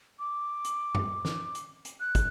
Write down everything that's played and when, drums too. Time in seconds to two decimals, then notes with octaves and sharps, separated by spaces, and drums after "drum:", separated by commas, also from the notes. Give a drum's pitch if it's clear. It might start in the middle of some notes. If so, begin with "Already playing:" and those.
0.19 D6
0.65 drum: hi-hat
0.95 drum: tom F#2
1.25 drum: snare
1.55 drum: hi-hat
1.85 drum: hi-hat
2.00 F#6
2.15 drum: kick, hi-hat